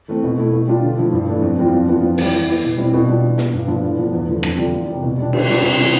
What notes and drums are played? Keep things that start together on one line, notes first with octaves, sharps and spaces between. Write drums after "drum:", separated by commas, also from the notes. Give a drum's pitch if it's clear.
E3 A3 C4
B2
A3 E4
B2
G3 D4 F4
D3
F3 A3 E4
G2
E3 A3 D4
F2
E3 G3 C4 F4
F2
E3 B3 D4 F4
F2
E3 G3, drum: open hi-hat
E3
B3 E4
B2
G3 C4 E4
B2
G3 D4 F4
E3
B3 E4, drum: snare
G2
F3 B3 D4 F4
A2
F3 B3 D4
E2
D3 F3
F2, drum: rim click
D3 G3 D4 F4
E2
C3 G3
B2
G3 D4
D3, drum: cymbal
G3 D4 F4
C3
E3 G3 D4 F4